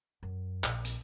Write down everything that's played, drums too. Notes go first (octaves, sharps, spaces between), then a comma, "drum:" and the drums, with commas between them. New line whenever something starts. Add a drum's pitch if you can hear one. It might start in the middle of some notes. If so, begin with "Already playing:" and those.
F#2
A#1, drum: clap
drum: hi-hat